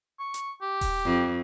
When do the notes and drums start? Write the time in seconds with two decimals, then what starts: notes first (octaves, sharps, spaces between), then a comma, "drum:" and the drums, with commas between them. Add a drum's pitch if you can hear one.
0.19 C#6
0.34 drum: hi-hat
0.62 G4
0.81 drum: kick D#1, open hi-hat
1.05 F2